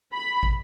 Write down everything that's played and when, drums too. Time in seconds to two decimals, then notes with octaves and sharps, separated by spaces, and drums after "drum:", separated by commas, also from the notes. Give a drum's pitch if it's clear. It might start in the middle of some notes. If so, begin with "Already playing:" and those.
0.14 B5
0.43 drum: kick